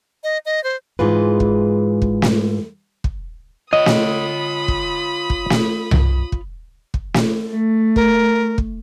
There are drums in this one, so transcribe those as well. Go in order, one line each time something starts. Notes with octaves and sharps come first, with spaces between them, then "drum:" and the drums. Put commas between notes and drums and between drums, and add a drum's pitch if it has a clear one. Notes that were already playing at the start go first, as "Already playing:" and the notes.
D#5
D#5
C5
G#2 E3 G#3 F4 B4
drum: kick
drum: kick
drum: snare
drum: kick
F4 C#5 D#5 B5 D#6
drum: snare
drum: kick
drum: kick
drum: snare
drum: tom C2
drum: kick
drum: kick
drum: snare
A3
A#4, drum: kick
drum: kick